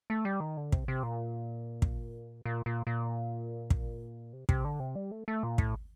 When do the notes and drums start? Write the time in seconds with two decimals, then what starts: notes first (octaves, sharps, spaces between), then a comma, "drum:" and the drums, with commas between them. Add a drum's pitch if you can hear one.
0.10 A3
0.25 G3
0.40 D#3
0.57 D3
0.72 C3, drum: kick
0.88 C3
1.03 A#2
1.82 drum: kick
2.45 A#2
2.66 A#2
2.87 A#2
3.70 drum: kick
4.33 C3
4.49 C3, drum: kick
4.65 D3
4.80 C3
4.95 G3
5.11 A3
5.28 A3
5.43 A#2
5.58 A2, drum: kick